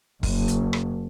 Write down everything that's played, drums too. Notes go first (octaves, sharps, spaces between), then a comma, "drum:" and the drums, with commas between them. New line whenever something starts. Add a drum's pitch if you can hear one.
F#1, drum: kick, open hi-hat
drum: hi-hat
drum: rim click